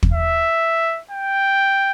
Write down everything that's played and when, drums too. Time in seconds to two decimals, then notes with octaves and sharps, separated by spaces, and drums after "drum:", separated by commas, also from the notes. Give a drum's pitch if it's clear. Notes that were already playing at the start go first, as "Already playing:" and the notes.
0.03 drum: kick
0.13 E5
1.11 G5